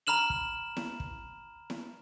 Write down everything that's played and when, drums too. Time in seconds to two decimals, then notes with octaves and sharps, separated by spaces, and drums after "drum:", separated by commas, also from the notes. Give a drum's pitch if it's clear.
0.07 A#5 B5 F6 E7 F#7
0.30 drum: kick
0.77 drum: snare E4
1.00 drum: kick
1.70 drum: snare E4